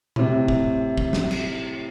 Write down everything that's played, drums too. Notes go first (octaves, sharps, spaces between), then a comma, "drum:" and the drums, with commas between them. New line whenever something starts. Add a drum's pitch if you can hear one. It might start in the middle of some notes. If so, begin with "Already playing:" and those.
A2 C3, drum: tom A#2
drum: kick
drum: kick
drum: snare
drum: cymbal